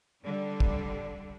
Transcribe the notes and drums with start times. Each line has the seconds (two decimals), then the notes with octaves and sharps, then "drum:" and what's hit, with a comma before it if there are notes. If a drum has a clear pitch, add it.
0.23 D3 G3
0.60 drum: kick